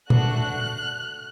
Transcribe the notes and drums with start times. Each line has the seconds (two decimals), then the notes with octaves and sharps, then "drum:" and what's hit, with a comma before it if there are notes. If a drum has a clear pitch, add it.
0.10 A3 D4 F#4 A4 F#6, drum: tom A#2